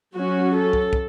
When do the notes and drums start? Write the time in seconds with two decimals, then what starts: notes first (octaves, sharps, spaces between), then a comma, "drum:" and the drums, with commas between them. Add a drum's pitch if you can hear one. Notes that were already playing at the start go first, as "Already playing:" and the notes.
0.15 F#3 C#4 F#4
0.54 A4
0.73 drum: kick
0.93 drum: kick